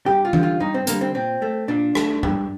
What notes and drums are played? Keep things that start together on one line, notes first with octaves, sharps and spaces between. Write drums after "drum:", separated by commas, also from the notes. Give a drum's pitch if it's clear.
G2 G4
F4
D3 G3, drum: tom
F4
G2 D#4
C4
D3 G3 A#3, drum: hi-hat
C4
A#2 C4
A3
A#2 D4
A3, drum: rim click
G2, drum: tom G#2